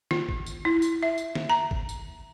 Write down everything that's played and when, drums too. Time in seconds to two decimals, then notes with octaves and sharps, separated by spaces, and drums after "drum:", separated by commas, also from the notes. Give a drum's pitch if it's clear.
0.11 F4, drum: snare
0.29 drum: kick
0.46 drum: tambourine
0.65 E4
0.82 drum: tambourine
1.03 E5
1.18 drum: tambourine
1.35 drum: snare
1.50 A#5
1.71 drum: kick
1.89 drum: tambourine